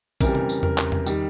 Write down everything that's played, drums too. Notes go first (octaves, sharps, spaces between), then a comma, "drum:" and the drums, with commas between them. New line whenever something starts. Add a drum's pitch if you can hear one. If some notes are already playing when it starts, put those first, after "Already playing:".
F2 C#3 E3 G3 A#4, drum: kick, tambourine
drum: tom B2
drum: tambourine
A#4, drum: tom E2
drum: clap
drum: tom E2
D#3 G3, drum: tambourine